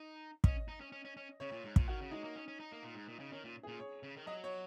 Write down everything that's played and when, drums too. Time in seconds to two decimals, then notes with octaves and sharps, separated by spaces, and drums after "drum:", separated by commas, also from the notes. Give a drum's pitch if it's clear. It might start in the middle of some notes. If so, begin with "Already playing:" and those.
Already playing: D#4
0.44 C#4 D#5, drum: kick
0.68 D#4
0.81 C#4
0.92 C#4
1.05 C#4
1.17 C#4
1.40 C#3 C#5
1.52 A#2
1.64 G#2
1.76 A#2, drum: kick
1.88 D#3 F#4
2.01 C#3
2.11 G#3 D#4
2.24 A#3
2.36 C#4
2.48 C#4
2.60 D#4
2.72 A#3
2.84 A#2
2.95 G#2
3.08 A#2
3.19 C#3
3.31 D#3 C#4
3.44 A#2
3.63 G#4
3.67 A#2
3.80 C#5
4.03 C#3
4.16 D#3
4.27 F#3 D#5
4.44 C#5